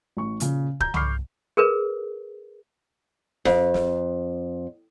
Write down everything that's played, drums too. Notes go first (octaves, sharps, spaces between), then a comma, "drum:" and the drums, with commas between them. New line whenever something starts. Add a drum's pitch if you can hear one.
A1 C#6
A#2 C#3, drum: hi-hat
A#5 G6, drum: kick
B5 C#6 D6 F6 C7, drum: tom C2
G#4 A#4 B4
F2, drum: snare
drum: snare